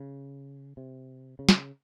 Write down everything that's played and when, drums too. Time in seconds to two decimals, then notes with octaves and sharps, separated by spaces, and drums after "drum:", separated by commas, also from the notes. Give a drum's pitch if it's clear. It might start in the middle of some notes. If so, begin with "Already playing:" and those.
Already playing: C#3
0.77 C3
1.39 C#3
1.49 drum: snare